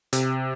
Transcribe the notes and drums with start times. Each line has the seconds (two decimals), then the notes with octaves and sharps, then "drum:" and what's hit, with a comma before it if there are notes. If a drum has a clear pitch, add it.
0.13 C3, drum: hi-hat